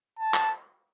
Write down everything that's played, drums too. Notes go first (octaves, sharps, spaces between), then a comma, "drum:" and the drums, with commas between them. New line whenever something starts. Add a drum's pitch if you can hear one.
A5
drum: clap